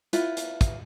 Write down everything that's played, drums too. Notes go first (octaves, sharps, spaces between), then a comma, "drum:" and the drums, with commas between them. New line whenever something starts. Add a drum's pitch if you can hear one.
E4 F4 B4, drum: hi-hat
drum: hi-hat
drum: kick, hi-hat